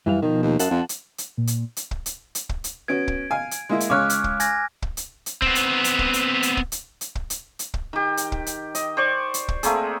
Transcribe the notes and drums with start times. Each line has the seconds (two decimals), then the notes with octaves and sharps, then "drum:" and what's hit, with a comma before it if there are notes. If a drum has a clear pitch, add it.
0.06 F#2 E3 G3 F5
0.22 B2 D#3 F3
0.43 D#2
0.59 F#2 F5 F#5 A5, drum: hi-hat
0.71 F2
0.89 drum: hi-hat
1.18 drum: hi-hat
1.38 A#2
1.47 drum: hi-hat
1.77 drum: hi-hat
1.91 drum: kick
2.06 drum: hi-hat
2.35 drum: hi-hat
2.49 drum: kick
2.64 drum: hi-hat
2.88 B3 C#4 F#4 G#6 D7
3.08 drum: kick
3.31 F5 G#5
3.51 drum: hi-hat
3.69 G#3 A#3 E4
3.80 drum: hi-hat
3.90 C#2 C#3 C#5 D6 F6 F#6
4.10 drum: hi-hat
4.24 drum: kick
4.40 G#5 G#6 A#6, drum: hi-hat
4.82 drum: kick
4.97 drum: hi-hat
5.26 drum: hi-hat
5.42 B3 C4, drum: kick
5.55 drum: hi-hat
5.84 drum: hi-hat
5.99 drum: kick
6.13 drum: hi-hat
6.43 drum: hi-hat
6.57 drum: kick
6.72 drum: hi-hat
7.01 drum: hi-hat
7.15 drum: kick
7.30 drum: hi-hat
7.59 drum: hi-hat
7.74 drum: kick
7.93 D#3 G4
8.17 drum: hi-hat
8.32 drum: kick
8.46 drum: hi-hat
8.75 D#5, drum: hi-hat
8.97 C5 D5 C#6
9.34 drum: hi-hat
9.48 drum: kick
9.63 A3 A#3 C4 G#4, drum: hi-hat